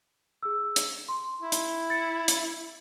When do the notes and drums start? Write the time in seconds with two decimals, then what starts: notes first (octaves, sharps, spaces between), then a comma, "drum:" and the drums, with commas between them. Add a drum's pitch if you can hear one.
0.43 G#4 E6
0.76 drum: hi-hat
1.08 C6
1.41 E4
1.52 drum: hi-hat
1.90 A6 C#7
2.28 drum: hi-hat